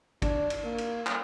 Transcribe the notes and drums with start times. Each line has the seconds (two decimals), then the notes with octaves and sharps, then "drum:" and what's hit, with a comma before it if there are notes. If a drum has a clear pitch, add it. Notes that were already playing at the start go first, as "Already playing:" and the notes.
0.22 D4, drum: kick, cymbal
0.50 drum: cymbal
0.64 A#3
0.78 drum: cymbal
1.06 drum: clap